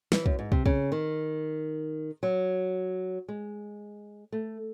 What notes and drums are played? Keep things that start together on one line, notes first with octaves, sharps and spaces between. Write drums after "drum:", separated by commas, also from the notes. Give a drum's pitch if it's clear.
E3, drum: snare
F#2, drum: kick
G#2
C3, drum: kick
C#3, drum: kick
D#3
F#3
G#3
A3